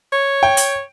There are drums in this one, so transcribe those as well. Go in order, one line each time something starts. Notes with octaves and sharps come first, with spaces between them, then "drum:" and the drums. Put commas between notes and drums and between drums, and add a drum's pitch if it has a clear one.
C#5
G5
drum: hi-hat